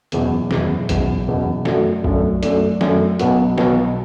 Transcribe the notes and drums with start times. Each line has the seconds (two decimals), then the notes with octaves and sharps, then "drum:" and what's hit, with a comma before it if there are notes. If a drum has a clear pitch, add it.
0.12 F#1 E2 B2, drum: hi-hat
0.51 F#1 E2 B2, drum: snare
0.89 F#1 E2 B2, drum: kick, hi-hat
1.27 F#1 E2 B2
1.65 F#2 F#3 A3 D4, drum: snare
2.04 F#2 F#3 A3 D4, drum: kick
2.43 F#2 F#3 A3 D4, drum: hi-hat
2.81 F#2 F#3 A3 D4, drum: snare
3.19 B1 B2 F#3 B3 F#4, drum: hi-hat
3.58 B1 B2 F#3 B3 F#4, drum: snare